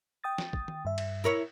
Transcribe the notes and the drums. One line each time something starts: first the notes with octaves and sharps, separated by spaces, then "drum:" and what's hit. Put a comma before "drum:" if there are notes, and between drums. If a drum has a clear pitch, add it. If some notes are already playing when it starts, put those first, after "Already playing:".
G5 D#6 A6
drum: snare
drum: kick
drum: tom D#3
G2 E5
drum: cymbal
E4 A#4 C#5